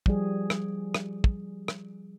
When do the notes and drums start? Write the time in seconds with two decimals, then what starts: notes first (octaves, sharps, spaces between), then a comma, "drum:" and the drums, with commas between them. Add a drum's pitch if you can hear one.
0.06 F3 G3 G#4, drum: kick
0.50 drum: rim click
0.95 drum: rim click
1.24 drum: kick
1.68 drum: rim click